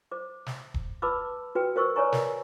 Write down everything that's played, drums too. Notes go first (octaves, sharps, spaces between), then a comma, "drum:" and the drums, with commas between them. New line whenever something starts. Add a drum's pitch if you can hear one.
C5 D6
drum: snare
drum: kick D#1
B4 A5 B5 D6 E6
F#4 B4 G5
A#4 C5 C#6 E6
B4 C#5 D5 G#5 A#5 C#6
A#4, drum: snare